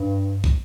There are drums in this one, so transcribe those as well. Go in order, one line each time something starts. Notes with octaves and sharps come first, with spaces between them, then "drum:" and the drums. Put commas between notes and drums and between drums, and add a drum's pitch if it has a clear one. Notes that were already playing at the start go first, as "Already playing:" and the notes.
Already playing: G2
drum: kick